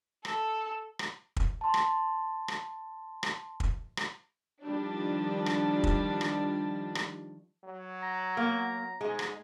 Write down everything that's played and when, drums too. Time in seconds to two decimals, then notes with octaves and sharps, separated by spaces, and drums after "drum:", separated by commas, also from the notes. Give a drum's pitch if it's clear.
0.25 A4, drum: rim click
0.99 drum: rim click
1.36 drum: kick
1.61 A5 C6
1.74 drum: rim click
2.48 drum: rim click
3.23 drum: rim click
3.60 drum: kick
3.97 drum: rim click
4.63 D#3 F3 G3 D4
5.46 drum: rim click
5.84 drum: kick
6.21 drum: rim click
6.95 drum: rim click
7.64 F#3
8.02 A#5
8.37 A#3
9.01 G#2 G#3
9.19 drum: rim click